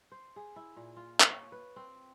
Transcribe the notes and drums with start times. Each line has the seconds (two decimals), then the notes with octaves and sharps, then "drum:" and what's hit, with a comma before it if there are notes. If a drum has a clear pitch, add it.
0.12 C5
0.36 G#4
0.56 E4
0.76 A#2
0.96 F4
1.20 drum: clap
1.31 C#5
1.52 B4
1.76 C4